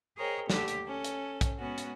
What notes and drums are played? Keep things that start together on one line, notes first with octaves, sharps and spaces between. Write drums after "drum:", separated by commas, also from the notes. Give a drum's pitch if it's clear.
G#4 A#4 C5 C#5 D#5 G5
D#2 D3 A3 G4 A4, drum: snare
drum: hi-hat
C#4 A4
drum: hi-hat
drum: kick, hi-hat
G#3 B3 C#4 F#4
drum: hi-hat